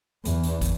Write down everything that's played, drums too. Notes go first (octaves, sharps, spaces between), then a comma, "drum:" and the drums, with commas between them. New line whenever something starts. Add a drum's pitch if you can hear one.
E2, drum: hi-hat
drum: hi-hat
drum: kick, hi-hat